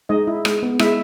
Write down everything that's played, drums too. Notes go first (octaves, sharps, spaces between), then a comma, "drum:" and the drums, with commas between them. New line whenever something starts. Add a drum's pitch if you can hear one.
G#3 D#4 D#5
E4
G#3, drum: rim click
B3
G#3 E4 E5, drum: rim click